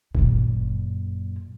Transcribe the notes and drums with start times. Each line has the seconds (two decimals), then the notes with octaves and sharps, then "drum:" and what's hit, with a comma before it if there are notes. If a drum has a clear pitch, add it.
0.15 F#2 A#2, drum: kick G1